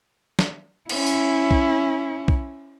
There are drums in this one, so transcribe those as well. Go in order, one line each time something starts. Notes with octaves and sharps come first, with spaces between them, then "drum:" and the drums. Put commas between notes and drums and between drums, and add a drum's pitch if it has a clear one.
drum: snare
C#4 E4, drum: cymbal
drum: tambourine
drum: kick
drum: kick